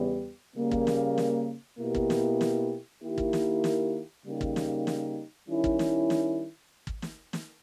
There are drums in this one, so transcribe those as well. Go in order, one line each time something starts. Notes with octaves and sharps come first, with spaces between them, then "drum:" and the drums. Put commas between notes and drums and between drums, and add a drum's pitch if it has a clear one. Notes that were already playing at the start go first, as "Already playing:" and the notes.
Already playing: E2 C#3 G3 B3 G4
C#3 G3 A#3
drum: kick
drum: snare
drum: snare
B2 A#3 E4 G4
drum: kick
drum: snare
drum: snare
D#3 A#3 E4 G4
drum: kick
drum: snare
drum: snare
C#3 G3 A#3 D#4 G4
drum: kick
drum: snare
drum: snare
D#3 G3 C#4 E4
drum: kick
drum: snare
drum: snare
drum: kick
drum: snare
drum: snare